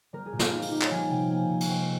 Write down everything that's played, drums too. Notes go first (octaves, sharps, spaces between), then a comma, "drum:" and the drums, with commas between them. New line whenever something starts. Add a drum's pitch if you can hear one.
G3 A#4
G#4
A#2
F4, drum: snare
C4 D#4
F4, drum: open hi-hat
D#4 G4
C#5, drum: clap
F3 G#5
C3 G5
A#3 G#5
C3
G#5, drum: cymbal
G#3 G5